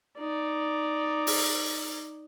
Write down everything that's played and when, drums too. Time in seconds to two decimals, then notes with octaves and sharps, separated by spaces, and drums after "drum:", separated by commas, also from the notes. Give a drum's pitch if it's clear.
0.19 D#4 D5
1.27 drum: open hi-hat